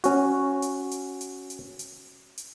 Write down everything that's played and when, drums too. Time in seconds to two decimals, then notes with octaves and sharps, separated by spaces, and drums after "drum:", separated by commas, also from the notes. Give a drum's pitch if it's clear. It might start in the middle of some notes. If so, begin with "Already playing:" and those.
0.04 C#4 F#4, drum: hi-hat
0.62 drum: hi-hat
0.91 drum: hi-hat
1.21 drum: hi-hat
1.50 drum: hi-hat
1.79 drum: hi-hat
2.38 drum: hi-hat